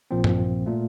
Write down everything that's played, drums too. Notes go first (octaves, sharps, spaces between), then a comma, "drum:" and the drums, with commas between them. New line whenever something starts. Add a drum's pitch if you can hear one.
A#1 A#2 F3 C4
drum: tom G2
A#2 A3